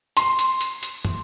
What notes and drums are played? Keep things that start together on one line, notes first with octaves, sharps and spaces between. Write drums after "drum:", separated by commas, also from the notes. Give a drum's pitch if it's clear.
C6, drum: hi-hat
drum: hi-hat
drum: hi-hat
drum: hi-hat
drum: tom